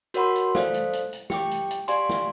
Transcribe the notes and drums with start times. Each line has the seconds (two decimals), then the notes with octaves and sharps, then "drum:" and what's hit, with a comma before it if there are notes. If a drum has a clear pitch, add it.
0.14 F#4 A#4 C#5 F#5 B5 C6, drum: hi-hat
0.35 drum: hi-hat
0.55 A4 C5 D5 F5, drum: snare
0.74 drum: hi-hat
0.93 drum: hi-hat
1.13 drum: hi-hat
1.30 G4 G5 D6, drum: snare
1.51 drum: hi-hat
1.71 drum: hi-hat
1.88 G4 D5 F5 G#5 C6, drum: hi-hat
2.09 drum: snare